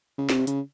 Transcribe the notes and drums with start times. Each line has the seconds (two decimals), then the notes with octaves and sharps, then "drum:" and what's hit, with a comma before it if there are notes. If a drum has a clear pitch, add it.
0.18 C#3
0.30 C3, drum: snare
0.47 C#3, drum: hi-hat